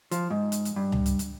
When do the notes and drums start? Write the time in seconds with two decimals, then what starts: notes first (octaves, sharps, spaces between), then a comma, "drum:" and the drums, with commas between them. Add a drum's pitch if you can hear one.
0.11 F3, drum: hi-hat
0.30 G#2
0.52 drum: hi-hat
0.65 drum: hi-hat
0.76 G2
0.92 drum: tom C#2
1.06 drum: hi-hat
1.19 drum: hi-hat